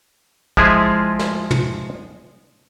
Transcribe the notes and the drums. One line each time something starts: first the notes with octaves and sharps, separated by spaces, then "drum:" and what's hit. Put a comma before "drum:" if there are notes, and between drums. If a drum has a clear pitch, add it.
F3 G#3 E4 F4 G#4, drum: kick
drum: snare
drum: tom